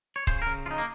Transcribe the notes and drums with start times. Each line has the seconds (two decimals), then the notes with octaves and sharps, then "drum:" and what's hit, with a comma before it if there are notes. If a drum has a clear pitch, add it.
0.16 C#5
0.27 C#3 C5, drum: kick C#1
0.42 A#4
0.47 C#3
0.66 F3 D#4 F4
0.78 A#3